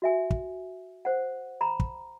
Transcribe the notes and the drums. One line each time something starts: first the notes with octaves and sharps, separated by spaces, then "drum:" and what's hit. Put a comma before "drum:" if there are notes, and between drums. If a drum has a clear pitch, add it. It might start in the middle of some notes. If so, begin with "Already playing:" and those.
F#4 E5 G#5
drum: kick
C5 F#5
A#5 B5
drum: kick